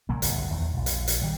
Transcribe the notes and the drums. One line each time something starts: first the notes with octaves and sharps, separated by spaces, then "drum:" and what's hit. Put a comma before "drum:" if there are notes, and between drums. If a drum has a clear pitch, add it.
C#2 A#2 F#3 A#3
G1 C2 F#2, drum: hi-hat
E2 D#3
A#1 A#2
drum: hi-hat
drum: hi-hat
D#3 G3